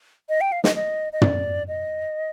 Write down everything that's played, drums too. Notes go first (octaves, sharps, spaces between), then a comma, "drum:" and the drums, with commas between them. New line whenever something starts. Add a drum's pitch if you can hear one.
D#5
G5
F5
D#5, drum: snare
D#5
D#5
D5, drum: tom
D#5